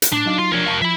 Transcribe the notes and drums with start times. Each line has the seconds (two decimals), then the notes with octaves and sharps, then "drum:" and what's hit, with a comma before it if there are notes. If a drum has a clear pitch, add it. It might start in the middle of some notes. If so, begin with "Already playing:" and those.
0.02 drum: hi-hat
0.12 A2 D4 D6
0.26 F#3 D#4 F5
0.38 F4
0.52 F3 D4 A#4 C#5
0.66 F5 A5 C#6
0.82 F3 E5 B5